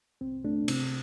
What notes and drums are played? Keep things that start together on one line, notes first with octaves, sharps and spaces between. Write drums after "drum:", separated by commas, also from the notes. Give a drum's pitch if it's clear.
C2 C4
C2 A3 D4
C3 C4, drum: cymbal